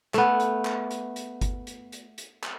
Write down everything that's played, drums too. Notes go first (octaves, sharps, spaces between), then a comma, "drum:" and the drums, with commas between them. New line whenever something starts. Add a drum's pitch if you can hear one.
A3 B3, drum: clap
drum: hi-hat
drum: clap
drum: hi-hat
drum: hi-hat
drum: kick G1, hi-hat
drum: hi-hat
drum: hi-hat
drum: hi-hat
drum: clap